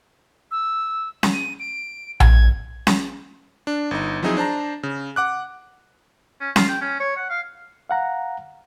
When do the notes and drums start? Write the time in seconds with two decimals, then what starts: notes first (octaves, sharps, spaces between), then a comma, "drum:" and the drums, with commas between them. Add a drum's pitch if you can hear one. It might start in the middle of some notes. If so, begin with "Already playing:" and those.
0.51 E6
1.23 drum: snare C#4
1.33 D#7
1.59 D7
2.20 G#6, drum: tom A#1
2.87 drum: snare C#4
3.67 D4
3.91 G1 D#4
4.23 F3 F#3 C4 D#4 E4 G#4
4.37 D4 C5 A5 A#5
4.83 C#3
5.16 F#5 D6 F#6
6.41 C#4
6.56 F4, drum: snare C#4
6.68 G5
6.81 C#4
7.00 C#5
7.17 F#5
7.30 F5
7.90 F5 F#5 A#5